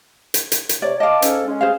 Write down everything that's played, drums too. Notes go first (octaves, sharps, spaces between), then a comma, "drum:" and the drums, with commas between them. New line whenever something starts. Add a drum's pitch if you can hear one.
drum: hi-hat
drum: hi-hat
drum: hi-hat
C3 C#5 D5
D#5 F5 A5 D6
G#2 C#4 A4, drum: hi-hat
G#3 C#4
G#4 C5 F5